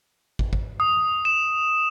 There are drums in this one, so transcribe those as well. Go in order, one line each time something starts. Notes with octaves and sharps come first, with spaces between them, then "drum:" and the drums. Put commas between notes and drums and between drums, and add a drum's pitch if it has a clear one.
drum: kick
drum: kick
D#6
E7